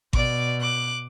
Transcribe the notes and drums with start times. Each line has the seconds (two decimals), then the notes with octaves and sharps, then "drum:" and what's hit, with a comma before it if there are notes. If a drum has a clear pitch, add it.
0.13 B2 D5 D6, drum: kick G#1
0.61 D6 F#6